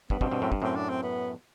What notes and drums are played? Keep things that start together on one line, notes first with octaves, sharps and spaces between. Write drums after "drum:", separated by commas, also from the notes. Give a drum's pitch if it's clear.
G2 B3, drum: kick
G2 B2 C4, drum: kick
G2 B2
F#2 A2
G2, drum: kick
F#2 A2 C4
D4
C4
B3